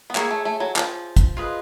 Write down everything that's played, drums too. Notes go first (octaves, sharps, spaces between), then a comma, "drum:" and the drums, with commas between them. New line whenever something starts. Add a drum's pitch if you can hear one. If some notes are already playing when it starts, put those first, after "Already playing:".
B3
A#3 G#4 C#5 E5 G#5, drum: clap
A3
A3
F#3
F3, drum: clap
drum: kick, hi-hat
F4 G#4 B4 D#5